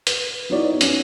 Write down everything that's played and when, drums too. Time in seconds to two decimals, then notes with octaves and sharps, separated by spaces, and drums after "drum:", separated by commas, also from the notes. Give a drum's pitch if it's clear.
0.07 B4, drum: hi-hat
0.50 B3 D#4 E4 F#4 C#5 D5
0.81 B3 C#4, drum: hi-hat